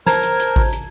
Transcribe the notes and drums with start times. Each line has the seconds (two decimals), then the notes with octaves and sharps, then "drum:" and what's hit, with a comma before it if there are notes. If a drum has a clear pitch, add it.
0.06 A#4 C5 A5 A#5 G#6, drum: snare
0.23 drum: hi-hat
0.40 drum: hi-hat
0.56 drum: kick G#1, open hi-hat
0.73 drum: hi-hat